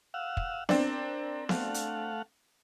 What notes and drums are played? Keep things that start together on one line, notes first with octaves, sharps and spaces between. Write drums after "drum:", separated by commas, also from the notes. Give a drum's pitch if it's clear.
F5 F#5 E6
drum: kick
C4 D4 A#4, drum: snare B3
A3 F5 F#5, drum: snare B3
drum: hi-hat